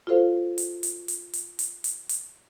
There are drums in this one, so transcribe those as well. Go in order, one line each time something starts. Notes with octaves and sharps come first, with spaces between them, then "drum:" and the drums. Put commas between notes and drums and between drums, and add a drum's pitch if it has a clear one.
F4 F#4 A4 C5 F5
drum: hi-hat
drum: hi-hat
drum: hi-hat
drum: hi-hat
drum: hi-hat
drum: hi-hat
drum: hi-hat